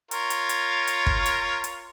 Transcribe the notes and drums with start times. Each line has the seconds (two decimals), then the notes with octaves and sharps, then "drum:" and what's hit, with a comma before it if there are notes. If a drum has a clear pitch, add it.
0.11 F4 A#4 C#5, drum: hi-hat
0.30 drum: hi-hat
0.49 drum: hi-hat
0.87 drum: hi-hat
1.07 drum: kick
1.26 drum: hi-hat
1.64 drum: hi-hat